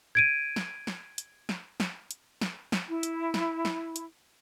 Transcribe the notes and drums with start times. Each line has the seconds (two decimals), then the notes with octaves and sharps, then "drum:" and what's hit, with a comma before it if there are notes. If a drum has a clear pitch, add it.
0.15 G#6 D7 D#7
0.56 drum: snare
0.87 drum: snare
1.18 drum: hi-hat
1.49 drum: snare
1.80 drum: snare
2.11 drum: hi-hat
2.41 drum: snare
2.72 drum: snare
2.88 E4
3.03 drum: hi-hat
3.34 drum: snare
3.65 drum: snare
3.96 drum: hi-hat